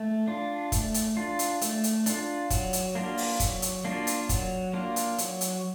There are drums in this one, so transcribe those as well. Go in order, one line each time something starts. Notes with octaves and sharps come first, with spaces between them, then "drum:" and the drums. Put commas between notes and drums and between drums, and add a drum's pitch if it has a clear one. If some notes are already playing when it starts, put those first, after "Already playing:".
Already playing: A3
D4 F4
A3, drum: kick, hi-hat
drum: hi-hat
D4 F4
drum: hi-hat
A3, drum: hi-hat
drum: hi-hat
D4 F4, drum: hi-hat
F#3, drum: kick, hi-hat
drum: hi-hat
A#3 D4 F4
drum: open hi-hat
F#3, drum: kick, hi-hat
drum: hi-hat
A#3 D4 F4
drum: hi-hat
F#3, drum: kick, hi-hat
A#3 D4 F4
drum: hi-hat
F#3, drum: hi-hat
drum: hi-hat